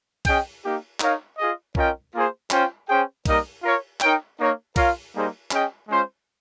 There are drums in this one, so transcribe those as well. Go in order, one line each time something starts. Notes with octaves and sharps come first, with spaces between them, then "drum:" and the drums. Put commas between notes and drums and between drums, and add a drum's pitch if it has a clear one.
C#4 G#4 D#5 G5, drum: kick B1, cymbal
A#3 D#4 G4
D#4 A#4 C#5 F5, drum: clap
F4 G#4 D#5
C#4 F4 A#4 D#5 G5, drum: kick B1
A#3 F4 G#4 C5
C#4 F4 C5 G5, drum: clap
C#4 G#4 C5 G5
G3 A#3 D#4 A#4 D#5, drum: kick B1, cymbal
F4 A#4 C#5
D#4 A#4 C#5 G5, drum: clap
A#3 D#4 A#4 C#5
F4 A#4 C#5 F5, drum: kick B1, cymbal
G3 A#3 D#4 G#4 C5
C#4 G#4 D#5 G5, drum: clap
G#3 C#4 F4 C5